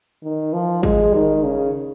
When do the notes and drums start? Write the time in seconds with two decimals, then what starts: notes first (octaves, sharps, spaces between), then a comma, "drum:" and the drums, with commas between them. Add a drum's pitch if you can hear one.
0.23 D#3
0.53 F3
0.83 G#3, drum: kick G#1
1.14 D#3
1.43 C#3